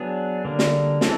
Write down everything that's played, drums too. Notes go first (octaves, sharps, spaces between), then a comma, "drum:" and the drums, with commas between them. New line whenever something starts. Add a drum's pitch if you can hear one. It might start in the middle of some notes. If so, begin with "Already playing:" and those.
Already playing: F#3 B3 D4 G#4
D3 G3 A#3 D4
drum: snare
E3 G#3 C4 A4, drum: snare